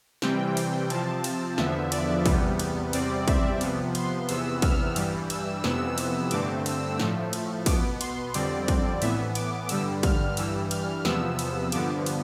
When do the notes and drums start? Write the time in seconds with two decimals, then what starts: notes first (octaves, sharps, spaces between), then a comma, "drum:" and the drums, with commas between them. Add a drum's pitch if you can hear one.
0.22 C3 E3 G3 C4 G5, drum: snare
0.57 G5, drum: cymbal
0.90 C3 F3 C4 A5, drum: cymbal
1.24 drum: cymbal
1.58 E2 D3 F3 B3 E5, drum: snare
1.92 D5, drum: cymbal
2.26 E2 C3 G3 B3, drum: kick, cymbal
2.59 drum: cymbal
2.93 E2 C3 G3 C4 D5, drum: cymbal
3.28 E5, drum: kick, cymbal
3.61 C3 F3 B3, drum: cymbal
3.95 C6, drum: cymbal
4.29 E2 C3 E3 B3 E6, drum: cymbal
4.62 F6, drum: kick, cymbal
4.96 G2 E3 G3, drum: cymbal
5.30 E6, drum: cymbal
5.64 F2 C3 E3 B3 E6, drum: snare
5.98 drum: cymbal
6.31 G2 D3 A3 C4 D6, drum: cymbal
6.66 E6, drum: cymbal
7.00 A2 F3 A3, drum: snare
7.33 drum: cymbal
7.66 B2 B3 D6, drum: kick, cymbal
8.01 C6, drum: cymbal
8.34 F2 D3 G3 C4 D5, drum: cymbal
8.68 drum: kick, cymbal
9.02 A2 E3 B3 E5, drum: cymbal
9.35 D6, drum: cymbal
9.69 G2 D3 G3 E6, drum: cymbal
10.03 F6, drum: kick, cymbal
10.37 G2 E3 G3 E6, drum: cymbal
10.71 F6, drum: cymbal
11.05 E2 C3 F3 B3 E6, drum: snare
11.39 drum: cymbal
11.72 G2 D3 F3 B3 D6, drum: cymbal
12.06 drum: cymbal